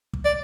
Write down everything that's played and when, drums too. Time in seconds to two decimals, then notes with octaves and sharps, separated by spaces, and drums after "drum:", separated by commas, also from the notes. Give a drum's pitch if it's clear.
0.13 drum: kick
0.25 D5